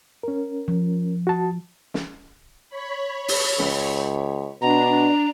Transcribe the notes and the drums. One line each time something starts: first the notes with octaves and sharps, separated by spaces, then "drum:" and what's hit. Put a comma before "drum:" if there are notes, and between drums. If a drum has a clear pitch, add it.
C#4 A#4
F3
F#4 A5
drum: snare
C#5 B5
drum: open hi-hat
C#2, drum: snare
B2 D4 A#5